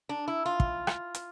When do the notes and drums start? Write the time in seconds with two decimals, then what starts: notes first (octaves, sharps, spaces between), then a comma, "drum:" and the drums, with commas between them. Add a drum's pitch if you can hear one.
0.09 D4
0.28 E4
0.46 F4
0.60 drum: kick
0.87 drum: rim click
1.15 drum: hi-hat